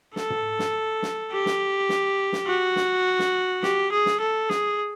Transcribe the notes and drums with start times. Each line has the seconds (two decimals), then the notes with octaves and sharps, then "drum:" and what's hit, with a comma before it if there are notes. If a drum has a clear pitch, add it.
0.16 A4, drum: snare
0.30 drum: tom
0.59 drum: snare
1.03 drum: snare
1.32 G4
1.46 drum: snare
1.89 drum: snare
2.33 drum: snare
2.47 F#4
2.76 drum: snare
3.19 drum: snare
3.63 G4, drum: snare
3.92 G#4
4.06 drum: snare
4.20 A4
4.50 G#4, drum: snare